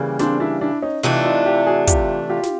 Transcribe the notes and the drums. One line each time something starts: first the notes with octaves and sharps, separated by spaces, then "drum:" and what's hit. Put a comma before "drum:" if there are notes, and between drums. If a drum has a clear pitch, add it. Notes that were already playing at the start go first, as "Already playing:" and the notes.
Already playing: C#3 E3 G3 A#3
C4 D4, drum: snare
D4 E4
D4 E4
C#4 D#4
C3 E3 A3 D4 D#4 F4
D#4 F4
F4 G4
F#4 G#4
F4 G4, drum: kick, hi-hat
F4 G4
drum: snare